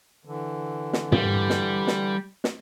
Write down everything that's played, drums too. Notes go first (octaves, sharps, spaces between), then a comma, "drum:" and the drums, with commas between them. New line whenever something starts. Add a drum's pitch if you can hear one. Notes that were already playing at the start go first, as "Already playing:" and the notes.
D3 E3
drum: snare
G3, drum: tom
drum: snare
drum: snare
drum: snare